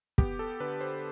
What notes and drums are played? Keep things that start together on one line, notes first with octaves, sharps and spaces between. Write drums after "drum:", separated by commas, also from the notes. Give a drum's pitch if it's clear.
B3 G4, drum: kick
A4
D3 B4
C5